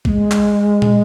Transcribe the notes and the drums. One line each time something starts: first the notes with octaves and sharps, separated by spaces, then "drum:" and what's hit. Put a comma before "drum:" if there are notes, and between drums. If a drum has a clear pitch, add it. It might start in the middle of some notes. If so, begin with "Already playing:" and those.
A#3, drum: kick
G#3
drum: clap
drum: tom